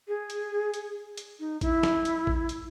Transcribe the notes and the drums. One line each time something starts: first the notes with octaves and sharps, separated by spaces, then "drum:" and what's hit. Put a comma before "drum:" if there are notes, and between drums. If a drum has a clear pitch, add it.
G#4
drum: hi-hat
drum: hi-hat
drum: hi-hat
D#4
E4, drum: kick A1, hi-hat
drum: snare
drum: hi-hat
drum: kick A1
drum: hi-hat